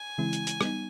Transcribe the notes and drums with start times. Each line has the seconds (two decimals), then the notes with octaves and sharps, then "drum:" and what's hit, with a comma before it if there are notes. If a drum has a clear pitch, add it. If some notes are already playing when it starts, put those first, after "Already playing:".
Already playing: G#5
0.18 C#3 E3 G#3 C4 E4
0.33 drum: hi-hat
0.47 drum: hi-hat
0.61 G3 B3 D#4, drum: rim click